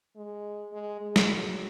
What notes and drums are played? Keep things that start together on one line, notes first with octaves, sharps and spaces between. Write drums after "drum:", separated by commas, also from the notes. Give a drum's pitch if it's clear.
G#3
G#3
G#3
drum: snare
F#3